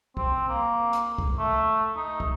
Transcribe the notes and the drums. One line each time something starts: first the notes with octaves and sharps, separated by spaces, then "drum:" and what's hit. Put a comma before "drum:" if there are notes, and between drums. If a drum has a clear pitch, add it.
C4, drum: kick
A#3
drum: hi-hat
drum: kick
A3
D#4
drum: kick